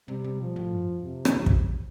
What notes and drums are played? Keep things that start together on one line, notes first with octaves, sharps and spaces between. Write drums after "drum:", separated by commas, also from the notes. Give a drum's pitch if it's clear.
C3 G3
C3
B2 F3
A2
G2
F2
C3
drum: rim click
F2
drum: kick